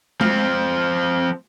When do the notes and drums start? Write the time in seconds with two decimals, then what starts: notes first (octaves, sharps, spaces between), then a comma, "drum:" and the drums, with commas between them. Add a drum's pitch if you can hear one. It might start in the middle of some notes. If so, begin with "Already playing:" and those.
0.21 F3 C4, drum: tom G#3